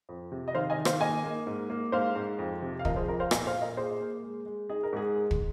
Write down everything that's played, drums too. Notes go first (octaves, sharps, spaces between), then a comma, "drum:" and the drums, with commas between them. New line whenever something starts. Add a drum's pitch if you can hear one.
F2
C3
D#5
D#3 C5 F5
D#5 G#5
D#3
C5 F5, drum: rim click
A#3 D#5 G#5
A#3
G#2
A#3
G#2 C5 F5
G#2
F2
C3
F5
F3 A#4 D#5, drum: kick
G#4 C5
F2 A#4
C5 F5
A#2 D#5 G#5, drum: rim click
C5 F5
A#2
A#4 D#5
A#3 G#4 C5
A#3
G#3
G#3
D#4 G#4
A#4
G#2 G#4
G#3
drum: kick